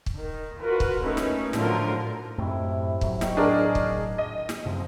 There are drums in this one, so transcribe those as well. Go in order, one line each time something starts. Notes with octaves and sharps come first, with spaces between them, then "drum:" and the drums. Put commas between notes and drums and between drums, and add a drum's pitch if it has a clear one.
drum: kick
D#3
F4 F#4 A#4 B4
drum: kick
A3 C#4 D#4 E4 B4
drum: snare
A2 D3 F3 F#3 F4 A#4, drum: snare
F#2 A2 C3 A3 E4
A2 F#3, drum: kick
D#3 C#6, drum: snare
D4 G#4 A#4
drum: kick
D#5
drum: snare
F#2 C3 F3